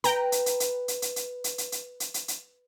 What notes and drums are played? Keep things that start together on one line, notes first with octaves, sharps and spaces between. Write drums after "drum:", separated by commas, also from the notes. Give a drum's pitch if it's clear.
B4 G5 A#5, drum: hi-hat
drum: hi-hat
drum: hi-hat
drum: hi-hat
drum: hi-hat
drum: hi-hat
drum: hi-hat
drum: hi-hat
drum: hi-hat
drum: hi-hat
drum: hi-hat
drum: hi-hat
drum: hi-hat